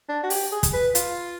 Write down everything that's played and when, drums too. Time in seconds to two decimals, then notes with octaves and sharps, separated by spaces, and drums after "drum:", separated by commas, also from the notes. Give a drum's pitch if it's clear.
0.09 D4
0.23 F#4
0.30 G4, drum: open hi-hat
0.52 G#4
0.63 drum: kick, hi-hat
0.73 B4
0.95 F4, drum: hi-hat